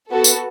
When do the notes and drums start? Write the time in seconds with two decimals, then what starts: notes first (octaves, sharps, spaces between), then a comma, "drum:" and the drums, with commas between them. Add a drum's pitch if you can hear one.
0.10 B3 F#4 A4
0.24 drum: tambourine